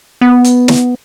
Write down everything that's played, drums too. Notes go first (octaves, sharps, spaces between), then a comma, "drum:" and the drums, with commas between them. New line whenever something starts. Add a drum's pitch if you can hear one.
B3
drum: hi-hat
drum: snare